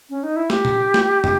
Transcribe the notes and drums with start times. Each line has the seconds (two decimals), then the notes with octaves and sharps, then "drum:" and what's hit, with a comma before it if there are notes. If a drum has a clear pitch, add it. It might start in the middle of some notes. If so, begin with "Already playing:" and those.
0.10 C#4
0.23 D#4
0.36 E4
0.50 G4, drum: snare
0.65 drum: tom A#2
0.94 drum: snare
1.24 drum: tom